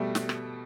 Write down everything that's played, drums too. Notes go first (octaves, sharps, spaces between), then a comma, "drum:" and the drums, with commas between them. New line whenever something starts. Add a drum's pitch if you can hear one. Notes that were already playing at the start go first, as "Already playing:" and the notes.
Already playing: B2 G3 A3
drum: snare
drum: rim click